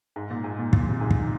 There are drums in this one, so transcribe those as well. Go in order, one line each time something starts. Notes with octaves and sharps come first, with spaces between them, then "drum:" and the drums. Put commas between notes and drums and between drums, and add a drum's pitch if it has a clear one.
G#2
A#2
G#2
A#2
A#2, drum: kick
C3
G#2
drum: kick